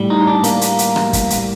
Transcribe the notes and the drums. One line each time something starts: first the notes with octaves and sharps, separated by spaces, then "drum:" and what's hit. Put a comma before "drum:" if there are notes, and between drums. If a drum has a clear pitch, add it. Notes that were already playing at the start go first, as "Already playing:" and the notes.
Already playing: A2 G3
D#4
D4
A#3, drum: hi-hat
drum: hi-hat
drum: hi-hat
drum: rim click
drum: kick, hi-hat
drum: hi-hat